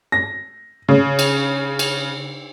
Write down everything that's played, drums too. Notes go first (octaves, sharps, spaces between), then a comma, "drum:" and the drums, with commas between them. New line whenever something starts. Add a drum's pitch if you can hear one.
A#6
C#3
drum: cymbal
drum: cymbal